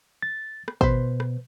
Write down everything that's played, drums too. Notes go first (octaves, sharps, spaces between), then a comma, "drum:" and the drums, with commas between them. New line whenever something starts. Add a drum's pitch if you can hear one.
A6
drum: rim click
B2 B4 C5, drum: kick
drum: rim click